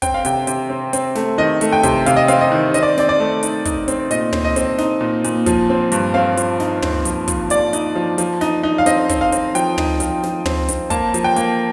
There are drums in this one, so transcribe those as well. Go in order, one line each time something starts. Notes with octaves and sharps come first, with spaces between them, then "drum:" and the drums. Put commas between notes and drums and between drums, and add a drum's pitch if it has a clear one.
C4 G5, drum: kick, hi-hat
F5
C3 G5, drum: hi-hat
C3, drum: hi-hat
C4
C4, drum: hi-hat
A3, drum: snare
D#3 D#5
A3, drum: hi-hat
G5
C3, drum: kick, hi-hat
C3 F5, drum: hi-hat
D#5
C4 F5, drum: hi-hat
D#5
D#3
C4 D#5, drum: hi-hat
D5
C4 D5, drum: snare
D5
A3
D#4, drum: hi-hat
D#4, drum: kick, hi-hat
C4, drum: hi-hat
A#2 D#5, drum: hi-hat
C4, drum: tom
D#5
C4, drum: hi-hat
D#4, drum: snare
A#2
A#2, drum: hi-hat
F3, drum: kick, hi-hat
C4
G2, drum: hi-hat
C4 F5
F3, drum: hi-hat
D#4, drum: snare
C4, drum: tom
F3, drum: hi-hat
F3, drum: kick, hi-hat
F3 D5, drum: hi-hat
D#4, drum: hi-hat
F3
F3, drum: hi-hat
D#4, drum: snare
D#4
F5
C4 D#5, drum: hi-hat
C4, drum: kick, hi-hat
F5
C4, drum: hi-hat
F3 G5, drum: hi-hat
D#4, drum: tom
F3, drum: hi-hat
F3, drum: snare
C4, drum: tom
C4, drum: hi-hat
A#3 A5, drum: kick, hi-hat
F3, drum: hi-hat
G5
A#3, drum: hi-hat